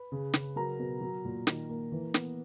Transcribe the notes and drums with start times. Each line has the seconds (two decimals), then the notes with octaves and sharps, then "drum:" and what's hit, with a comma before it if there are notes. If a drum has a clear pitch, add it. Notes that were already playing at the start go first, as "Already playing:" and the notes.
Already playing: B4 B5
0.12 C#3
0.34 C#3, drum: snare
0.56 F#3 A#4 A#5
0.79 B2
1.01 F#3
1.25 A#2
1.47 D#3, drum: snare
1.69 A#3
1.92 E3
2.14 B3, drum: snare